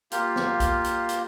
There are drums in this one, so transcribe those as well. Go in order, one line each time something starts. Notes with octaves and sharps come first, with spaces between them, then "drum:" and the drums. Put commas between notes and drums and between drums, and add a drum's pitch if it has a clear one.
A#3 F4 G4, drum: hi-hat
drum: snare
drum: kick B1, hi-hat
drum: hi-hat
drum: hi-hat